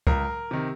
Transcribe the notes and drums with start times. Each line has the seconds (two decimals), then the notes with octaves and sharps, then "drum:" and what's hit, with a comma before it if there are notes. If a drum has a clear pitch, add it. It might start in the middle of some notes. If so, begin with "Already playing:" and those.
0.07 C#2 A#4, drum: kick
0.51 C3 D#3